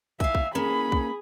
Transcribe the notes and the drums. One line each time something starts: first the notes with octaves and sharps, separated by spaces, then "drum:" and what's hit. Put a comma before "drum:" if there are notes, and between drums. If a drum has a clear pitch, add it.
E5 F5 G#5, drum: kick
drum: kick
A#3 C#4 G#4 B5
drum: kick